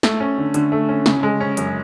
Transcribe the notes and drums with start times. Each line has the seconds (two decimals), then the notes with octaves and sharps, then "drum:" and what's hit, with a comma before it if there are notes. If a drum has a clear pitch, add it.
0.03 A3, drum: snare
0.20 C#4
0.38 D3
0.54 D3, drum: hi-hat
0.72 A3
0.89 C#4
1.06 C#3, drum: snare
1.23 G#3
1.40 C#4
1.57 F#2, drum: hi-hat